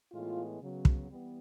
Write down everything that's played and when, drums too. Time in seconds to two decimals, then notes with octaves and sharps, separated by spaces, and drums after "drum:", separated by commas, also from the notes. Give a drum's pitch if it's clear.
0.12 A2 E3 G#3 B3 F4
0.61 C#3 F#3 B3
0.85 drum: kick
1.10 E3 G3 B3